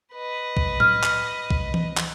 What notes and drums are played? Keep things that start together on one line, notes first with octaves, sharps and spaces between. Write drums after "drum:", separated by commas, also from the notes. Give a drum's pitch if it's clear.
B4 D#5
drum: kick B1
F6, drum: tom A2
drum: clap
drum: kick B1
drum: tom E3
drum: clap